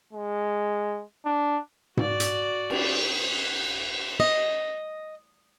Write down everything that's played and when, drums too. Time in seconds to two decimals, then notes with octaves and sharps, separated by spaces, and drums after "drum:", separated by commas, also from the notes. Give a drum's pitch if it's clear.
0.13 G#3
1.25 D4
1.97 F#4 D5, drum: tom G#2
2.20 drum: hi-hat
2.70 drum: cymbal
4.20 D#5